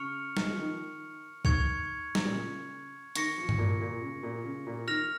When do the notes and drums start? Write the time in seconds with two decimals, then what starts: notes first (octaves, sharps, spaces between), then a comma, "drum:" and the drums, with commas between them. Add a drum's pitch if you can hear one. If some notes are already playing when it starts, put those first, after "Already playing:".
Already playing: C#3 C#6 F6 C#7 F7
0.37 G#3, drum: snare
0.48 F3
0.59 D#3
1.45 D#3 C#6 G#6 C#7 F7, drum: kick C2
2.15 drum: snare
2.25 A#2
2.31 C#3
3.15 D#3 C#6 A#6 C#7, drum: hi-hat
3.38 F3
3.49 drum: tom G2
3.58 A#2
3.81 A#2
4.02 C#3
4.23 A#2
4.45 C#3
4.67 A#2
4.88 D#3 F6 A#6 F7